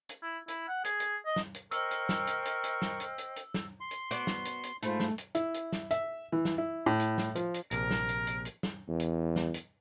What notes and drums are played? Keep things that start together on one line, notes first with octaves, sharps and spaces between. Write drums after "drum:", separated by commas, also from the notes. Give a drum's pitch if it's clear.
drum: hi-hat
E4
E4, drum: hi-hat
F#5
G#4, drum: hi-hat
drum: hi-hat
D#5
drum: snare
drum: hi-hat
A#4 C5 D#5 G5 C#6 E6 F6, drum: hi-hat
drum: hi-hat
drum: snare
drum: hi-hat
drum: hi-hat
drum: hi-hat
drum: snare
drum: hi-hat
drum: hi-hat
drum: hi-hat
drum: snare
C6
drum: hi-hat
B3 F#4 C5 D5, drum: hi-hat
drum: snare
drum: hi-hat
drum: hi-hat
G#2 A3 F4 C5 B5, drum: hi-hat
drum: snare
drum: hi-hat
E4, drum: hi-hat
drum: hi-hat
drum: snare
E5, drum: hi-hat
E3
drum: snare
E4
A2
drum: hi-hat
drum: snare
F3, drum: hi-hat
drum: hi-hat
A#1 C3 A#4, drum: hi-hat
drum: snare
drum: hi-hat
drum: hi-hat
drum: hi-hat
drum: snare
E2
drum: hi-hat
drum: snare
drum: hi-hat